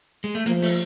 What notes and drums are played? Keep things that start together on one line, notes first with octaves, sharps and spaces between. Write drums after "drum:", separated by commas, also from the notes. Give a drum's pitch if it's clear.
G#3
A3
F3 A#3, drum: hi-hat
A3, drum: open hi-hat